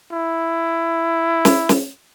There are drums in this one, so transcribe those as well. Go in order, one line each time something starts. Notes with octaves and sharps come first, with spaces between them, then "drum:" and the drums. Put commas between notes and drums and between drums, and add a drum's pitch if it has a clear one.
E4
drum: snare
drum: snare